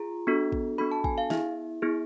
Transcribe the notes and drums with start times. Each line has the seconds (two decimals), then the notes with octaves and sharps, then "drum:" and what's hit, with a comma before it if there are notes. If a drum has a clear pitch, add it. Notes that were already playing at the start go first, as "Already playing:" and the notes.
Already playing: F4 G#4 A#5
0.27 B3 D4 F#4 A4
0.52 drum: kick
0.78 B3 D4 F#4 A4 B5
0.92 A5
1.04 G#5, drum: kick
1.18 F5
1.30 B3 E4 G#4 E5, drum: snare
1.82 B3 E4 G#4